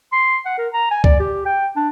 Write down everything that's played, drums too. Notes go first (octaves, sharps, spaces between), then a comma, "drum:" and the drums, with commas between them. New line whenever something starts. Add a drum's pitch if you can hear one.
C6
F#5
A#4
A#5
G#5
D5, drum: kick C#2
G4
G5
D4